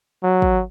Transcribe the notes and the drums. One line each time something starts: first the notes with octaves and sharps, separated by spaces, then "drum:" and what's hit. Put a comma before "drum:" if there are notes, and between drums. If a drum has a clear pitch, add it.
F#3
drum: kick